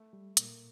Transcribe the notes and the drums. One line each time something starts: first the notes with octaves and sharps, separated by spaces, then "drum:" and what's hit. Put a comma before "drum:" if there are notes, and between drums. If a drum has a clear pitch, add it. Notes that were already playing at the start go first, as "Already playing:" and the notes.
Already playing: A3
G3
A#2 A#3, drum: hi-hat